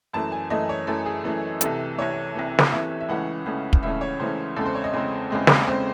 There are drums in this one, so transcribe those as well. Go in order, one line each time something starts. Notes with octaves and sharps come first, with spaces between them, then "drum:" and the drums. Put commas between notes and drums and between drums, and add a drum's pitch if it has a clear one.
F#2 E3 A3 A5
G#5
F#2 E3 A3 D#5
C#5
F#2 E3 A3 A4
G#4
F#2 E3 A3
C2 C3 E3 A4, drum: hi-hat
C2 C3 E3 C#5
C2 C3 E3
drum: snare
C2 C3 E3 E5
E5
C#2 C#3 E3 A3 C#4 F#5
C#2 C#3 E3 A3 C#4
drum: kick
C#2 C#3 E3 A3 C#4 E5
C#5
C#2 C#3 E3 A3 C#4 C5
E2 C#3 G#3 C4 A4
C5
C#5
D#5
E2 C#3 G#3 C4
E2 C#3 G#3 C4
drum: snare
C#3 G#3 C4 C5